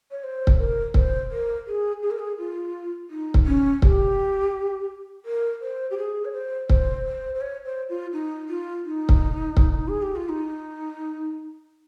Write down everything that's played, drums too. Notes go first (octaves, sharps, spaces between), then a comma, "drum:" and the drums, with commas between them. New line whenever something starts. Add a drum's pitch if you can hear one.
C#5
C5
drum: kick C#1
A#4
C5, drum: kick C#1
A#4
G#4
G#4
A#4
G#4
F4
D#4
drum: kick C#1
C#4
G4, drum: kick C#1
A#4
C5
G4
G#4
C#5
C5
C5, drum: kick C#1
C5
C5
C#5
C5
F4
D#4
F4
D#4
drum: kick C#1
drum: kick C#1
G#4
G4
F4
D#4